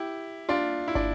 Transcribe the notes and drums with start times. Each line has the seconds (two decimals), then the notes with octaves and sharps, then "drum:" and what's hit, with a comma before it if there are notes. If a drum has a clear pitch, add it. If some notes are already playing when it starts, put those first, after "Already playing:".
Already playing: E4 G4
0.49 D4 F4
0.88 E4
0.95 D4, drum: kick